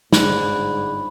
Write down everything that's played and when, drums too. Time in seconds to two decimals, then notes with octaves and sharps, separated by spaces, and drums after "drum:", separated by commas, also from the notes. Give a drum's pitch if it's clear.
0.13 G1 G#2 G#4 D5 B5 F#6, drum: snare